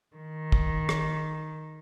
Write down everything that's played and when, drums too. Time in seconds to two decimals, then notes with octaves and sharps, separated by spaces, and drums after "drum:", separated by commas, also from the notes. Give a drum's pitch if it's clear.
0.16 D#3
0.52 drum: kick
0.89 drum: rim click